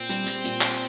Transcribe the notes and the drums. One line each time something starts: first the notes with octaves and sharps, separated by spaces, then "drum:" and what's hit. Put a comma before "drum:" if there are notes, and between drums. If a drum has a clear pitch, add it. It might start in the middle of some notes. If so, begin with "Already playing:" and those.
Already playing: A#2 C4
G3, drum: hi-hat
drum: hi-hat
A#2, drum: hi-hat
drum: clap